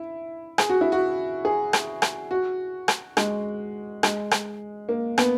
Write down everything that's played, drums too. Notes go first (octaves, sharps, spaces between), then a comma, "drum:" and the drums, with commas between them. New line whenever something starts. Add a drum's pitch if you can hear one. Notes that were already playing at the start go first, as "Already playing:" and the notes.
Already playing: E4
G#4, drum: rim click
F#4
E4
F#4
G#4
drum: rim click
drum: rim click
F#4
drum: rim click
G#3, drum: rim click
G#3, drum: rim click
drum: rim click
A#3
B3, drum: rim click